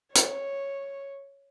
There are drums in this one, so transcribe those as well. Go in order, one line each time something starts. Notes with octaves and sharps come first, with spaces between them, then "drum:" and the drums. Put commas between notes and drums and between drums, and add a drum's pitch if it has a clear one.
C#5, drum: hi-hat